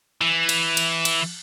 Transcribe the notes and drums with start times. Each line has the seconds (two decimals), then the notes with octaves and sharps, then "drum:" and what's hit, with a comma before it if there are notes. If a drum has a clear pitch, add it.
0.21 E3
0.49 drum: cymbal
0.77 drum: cymbal
1.05 drum: cymbal